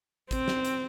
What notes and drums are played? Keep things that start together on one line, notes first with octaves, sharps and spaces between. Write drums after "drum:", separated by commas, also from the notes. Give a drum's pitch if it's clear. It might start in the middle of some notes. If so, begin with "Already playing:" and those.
C4, drum: kick G#1, hi-hat
drum: snare
drum: hi-hat